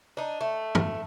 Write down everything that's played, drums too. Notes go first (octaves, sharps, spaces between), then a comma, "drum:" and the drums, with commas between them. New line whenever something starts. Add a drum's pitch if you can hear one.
D4 D#4
A3
drum: tom